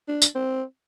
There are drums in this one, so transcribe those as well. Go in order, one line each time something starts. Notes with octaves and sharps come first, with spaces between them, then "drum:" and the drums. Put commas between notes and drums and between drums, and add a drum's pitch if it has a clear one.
D4
drum: tambourine
C4